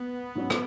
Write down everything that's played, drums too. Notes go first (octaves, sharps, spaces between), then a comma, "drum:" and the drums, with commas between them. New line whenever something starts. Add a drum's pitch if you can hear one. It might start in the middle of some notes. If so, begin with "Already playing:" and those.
Already playing: B3
G#2 F#3 C#4
drum: rim click